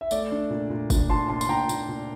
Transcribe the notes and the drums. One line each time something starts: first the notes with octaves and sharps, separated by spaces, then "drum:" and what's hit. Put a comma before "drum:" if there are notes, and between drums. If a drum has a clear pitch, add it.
E5
A3 D5, drum: tambourine
D4
A#2
A#2
D4, drum: kick, tambourine
A#2 A5 C6
A#2 A5 C6
C6, drum: tambourine
A#2 G5 A#5
A#2, drum: tambourine
A#2